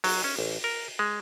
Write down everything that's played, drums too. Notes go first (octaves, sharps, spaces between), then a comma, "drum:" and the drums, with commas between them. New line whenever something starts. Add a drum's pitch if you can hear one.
F#3, drum: open hi-hat
C#4
A1
A#4
G#3